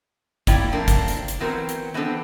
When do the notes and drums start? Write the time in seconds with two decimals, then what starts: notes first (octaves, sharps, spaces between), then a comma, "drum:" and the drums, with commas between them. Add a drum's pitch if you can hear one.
0.47 A#3 E4 D5 E5 G5, drum: kick, hi-hat
0.72 F3 A3 A#3 C4 D4
0.88 drum: kick, hi-hat
1.08 drum: hi-hat
1.28 drum: hi-hat
1.40 E3 F#3 B3 C4 A#4
1.69 drum: hi-hat
1.94 E3 B3 C4 D4 A4